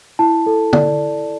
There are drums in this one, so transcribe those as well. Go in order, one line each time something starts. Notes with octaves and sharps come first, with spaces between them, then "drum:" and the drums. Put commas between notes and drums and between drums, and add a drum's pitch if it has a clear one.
E4 A5
A4
D5, drum: tom